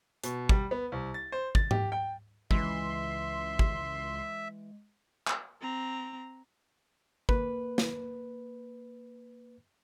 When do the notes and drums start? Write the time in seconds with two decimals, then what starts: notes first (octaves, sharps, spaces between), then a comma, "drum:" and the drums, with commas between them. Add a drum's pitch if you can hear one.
0.24 B2, drum: hi-hat
0.49 G3, drum: kick
0.71 B3
0.92 C2
1.14 A6
1.32 C5
1.55 A6, drum: kick
1.71 G4, drum: tom G#2
1.92 G5
2.51 C#2 E3 G#3 E5 C6, drum: kick
3.59 drum: kick
5.27 drum: clap
5.62 C4 A#5
7.29 A#3 B4, drum: kick
7.78 drum: snare